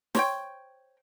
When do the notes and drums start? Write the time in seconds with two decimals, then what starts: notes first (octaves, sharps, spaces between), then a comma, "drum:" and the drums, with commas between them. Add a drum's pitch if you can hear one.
0.15 C5 C#5 G5, drum: snare